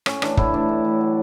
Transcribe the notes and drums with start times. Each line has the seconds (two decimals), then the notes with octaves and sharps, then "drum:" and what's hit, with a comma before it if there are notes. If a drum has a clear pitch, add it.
0.06 A2 C#4, drum: rim click
0.22 E3 D4, drum: rim click
0.37 A2 E4, drum: kick
0.54 E3 D4
0.69 A2
0.85 E3
1.01 F#3